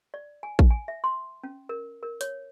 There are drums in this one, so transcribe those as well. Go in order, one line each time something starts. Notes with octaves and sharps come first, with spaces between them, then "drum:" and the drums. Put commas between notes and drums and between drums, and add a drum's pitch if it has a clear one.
D5
G#5
drum: kick A1
G#5
E5
C6
C#4
A#4
A#4
C#5, drum: hi-hat